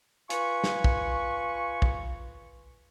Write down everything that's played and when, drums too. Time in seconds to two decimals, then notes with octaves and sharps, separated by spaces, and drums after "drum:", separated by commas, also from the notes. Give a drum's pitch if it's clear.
0.30 F4 B4 G#5 C#6, drum: hi-hat
0.64 drum: snare
0.84 drum: kick
1.82 drum: kick